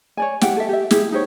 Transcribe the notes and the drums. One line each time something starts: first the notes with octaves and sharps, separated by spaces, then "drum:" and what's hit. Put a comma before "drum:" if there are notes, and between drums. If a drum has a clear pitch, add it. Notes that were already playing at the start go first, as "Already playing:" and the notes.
C#5 D5 G#5
G4 E5 F#5 G5, drum: snare
A4 E5
G4 E5
E4 G4 G#4, drum: snare
D#4 G4 C5 C#5